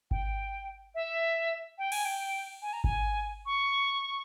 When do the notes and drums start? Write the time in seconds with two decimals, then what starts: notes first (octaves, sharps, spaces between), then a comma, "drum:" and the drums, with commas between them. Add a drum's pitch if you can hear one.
0.11 G5, drum: kick G#1
0.95 E5
1.78 G5
1.92 G#5, drum: cymbal
2.05 G5
2.62 G#5
2.73 A#5
2.84 G#5, drum: kick G#1
3.46 C#6